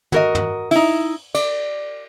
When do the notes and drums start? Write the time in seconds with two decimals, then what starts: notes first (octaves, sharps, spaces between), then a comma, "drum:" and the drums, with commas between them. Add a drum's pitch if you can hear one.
0.12 F#4 A#4 D#5, drum: tom
0.35 drum: tom
0.71 D#4 E4, drum: open hi-hat
1.35 D5, drum: cymbal